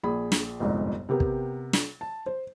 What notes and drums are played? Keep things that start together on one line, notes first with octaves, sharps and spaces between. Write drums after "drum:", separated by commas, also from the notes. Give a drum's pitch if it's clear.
A#1 G#4 B5
drum: snare
G1 C2 F2 G#2
C3 B3 G4 A#4
drum: kick
drum: snare
A5
C5